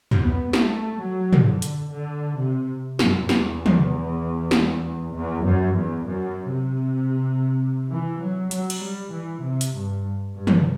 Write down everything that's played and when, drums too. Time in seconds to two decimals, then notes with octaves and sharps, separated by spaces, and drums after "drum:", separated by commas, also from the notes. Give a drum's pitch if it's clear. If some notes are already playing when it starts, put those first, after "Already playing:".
0.11 drum: tom
0.22 B3
0.53 A3, drum: snare
1.00 F#3
1.33 drum: tom
1.46 D3
1.62 drum: hi-hat
1.91 D3
2.37 C3
2.99 F#2, drum: snare
3.29 E2, drum: snare
3.66 drum: tom
4.51 drum: snare
5.14 E2
5.44 F#2
5.75 E2
6.06 F#2
6.52 C3
7.90 E3
8.21 F#3
8.51 F#3, drum: hi-hat
8.70 drum: cymbal
8.82 G3
9.12 E3
9.43 C3
9.61 drum: hi-hat
9.74 G2
10.35 G2
10.47 drum: tom